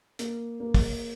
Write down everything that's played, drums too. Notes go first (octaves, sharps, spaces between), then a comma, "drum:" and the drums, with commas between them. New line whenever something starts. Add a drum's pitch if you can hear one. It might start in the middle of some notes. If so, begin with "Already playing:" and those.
A#3, drum: hi-hat
A#3
drum: kick, open hi-hat